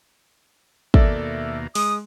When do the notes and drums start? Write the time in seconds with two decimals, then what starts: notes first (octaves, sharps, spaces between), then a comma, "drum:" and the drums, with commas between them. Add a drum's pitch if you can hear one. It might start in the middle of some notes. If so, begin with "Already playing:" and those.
0.94 D#2 B2 A#3 A4 D5 E5, drum: kick
1.75 G#3 D#6, drum: open hi-hat